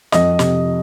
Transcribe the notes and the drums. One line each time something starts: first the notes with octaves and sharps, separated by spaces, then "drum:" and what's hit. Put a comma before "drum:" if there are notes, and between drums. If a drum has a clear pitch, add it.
F2 D#5, drum: snare
C3, drum: snare